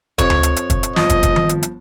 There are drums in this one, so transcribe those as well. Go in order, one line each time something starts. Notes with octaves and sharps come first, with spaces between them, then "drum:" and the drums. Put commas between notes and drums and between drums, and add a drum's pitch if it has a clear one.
F2 C#5, drum: kick, hi-hat
drum: tom D2
drum: hi-hat
drum: hi-hat
drum: kick, hi-hat
drum: hi-hat
G1 F3 D#5, drum: snare
drum: kick, hi-hat
drum: kick, hi-hat
drum: tom D#3
drum: hi-hat
drum: hi-hat